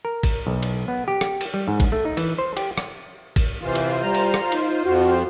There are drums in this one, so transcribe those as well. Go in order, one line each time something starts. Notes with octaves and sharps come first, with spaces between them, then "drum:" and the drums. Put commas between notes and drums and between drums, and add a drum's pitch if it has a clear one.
A#4
drum: kick G#1, cymbal
B1
drum: cymbal
B3
G4
drum: rim click
drum: cymbal
G3
G#2
drum: kick G#1, cymbal
A3
D#4
E3, drum: cymbal
C5
G4, drum: cymbal
drum: rim click
drum: kick G#1, cymbal
C3 E3 F4 C5
drum: cymbal
G3 A#5
drum: cymbal
drum: rim click
D#4, drum: cymbal
F2 F#4